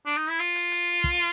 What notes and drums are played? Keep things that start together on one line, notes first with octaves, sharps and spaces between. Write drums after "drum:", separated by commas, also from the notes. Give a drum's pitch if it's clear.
D4
D#4
E4
F4
drum: hi-hat
drum: hi-hat
drum: kick